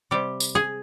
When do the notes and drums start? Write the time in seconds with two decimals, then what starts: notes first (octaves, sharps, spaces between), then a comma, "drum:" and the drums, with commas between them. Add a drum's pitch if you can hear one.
0.11 C3 G3 G4
0.40 drum: tambourine
0.55 G#4